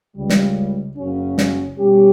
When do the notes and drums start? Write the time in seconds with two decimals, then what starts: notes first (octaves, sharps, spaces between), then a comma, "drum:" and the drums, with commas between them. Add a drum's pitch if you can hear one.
0.16 C#2 C#3 G3
0.30 drum: snare
0.97 F#1 F#2 C#3 F#3 C#4
1.38 drum: snare
1.79 B2 G3 C#4 G4